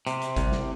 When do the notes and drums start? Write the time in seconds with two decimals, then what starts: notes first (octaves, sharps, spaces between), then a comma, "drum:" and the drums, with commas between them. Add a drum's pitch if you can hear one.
0.07 C3, drum: hi-hat
0.22 drum: hi-hat
0.37 C2, drum: kick G#1, hi-hat
0.52 drum: snare